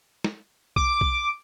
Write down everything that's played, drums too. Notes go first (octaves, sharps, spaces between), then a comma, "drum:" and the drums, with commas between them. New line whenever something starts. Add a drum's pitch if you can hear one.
drum: snare
D6, drum: kick B1
drum: kick B1